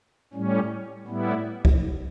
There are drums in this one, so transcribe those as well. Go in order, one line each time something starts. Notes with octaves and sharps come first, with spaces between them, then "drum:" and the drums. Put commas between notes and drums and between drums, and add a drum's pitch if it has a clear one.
A2 G3 C#4
A2 G3 B3 E4
drum: kick